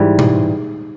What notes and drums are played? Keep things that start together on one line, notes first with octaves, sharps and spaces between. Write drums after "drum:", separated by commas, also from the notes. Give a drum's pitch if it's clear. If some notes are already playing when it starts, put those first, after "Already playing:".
Already playing: G#2 E3 G3
drum: tom B2